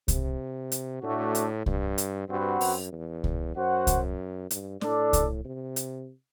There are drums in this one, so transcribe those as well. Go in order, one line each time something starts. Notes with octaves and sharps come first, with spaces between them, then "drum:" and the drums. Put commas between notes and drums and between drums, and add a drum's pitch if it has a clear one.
C3, drum: kick C2, hi-hat
drum: hi-hat
A2 A3 D4 F#4
drum: hi-hat
G2, drum: kick C2
drum: hi-hat
G2 C4 F#4 B4 F#5
F#2, drum: open hi-hat
E2
drum: kick C2
F#2 F#4 C5 F#5
drum: kick C2, hi-hat
G2, drum: hi-hat
A2 D4 A4 D5, drum: snare
drum: kick C2, hi-hat
C3
drum: hi-hat